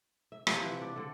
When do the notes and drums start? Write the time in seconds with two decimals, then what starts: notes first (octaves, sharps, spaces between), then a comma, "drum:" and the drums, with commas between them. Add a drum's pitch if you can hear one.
0.32 E5
0.47 C3 E3 F3 C4, drum: rim click
0.65 E3 F#5
0.81 D4
0.96 D3 A4